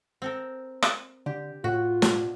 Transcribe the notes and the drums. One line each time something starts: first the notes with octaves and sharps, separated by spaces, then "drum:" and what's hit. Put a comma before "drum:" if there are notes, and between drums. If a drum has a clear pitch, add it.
C4 A4 A#4
drum: rim click
D3 G4
A2 F4 F#4
B2 D4, drum: snare